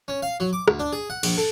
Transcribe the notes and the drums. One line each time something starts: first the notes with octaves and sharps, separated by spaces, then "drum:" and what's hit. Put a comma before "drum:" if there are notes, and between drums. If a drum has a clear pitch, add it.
C#4
F5
F#3
D6
D2, drum: rim click
D4
G#4
F#5
A#1, drum: cymbal
A4